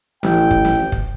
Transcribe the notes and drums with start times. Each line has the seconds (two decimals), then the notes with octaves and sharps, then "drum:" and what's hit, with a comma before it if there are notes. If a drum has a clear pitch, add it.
0.23 A1 G5, drum: snare
0.51 drum: kick
0.65 drum: snare
0.92 drum: kick